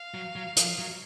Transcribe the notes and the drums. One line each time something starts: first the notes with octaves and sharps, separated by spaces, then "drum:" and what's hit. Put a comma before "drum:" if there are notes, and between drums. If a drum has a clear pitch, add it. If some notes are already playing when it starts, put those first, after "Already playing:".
Already playing: F5
F#3
F#3
F3, drum: hi-hat
F#3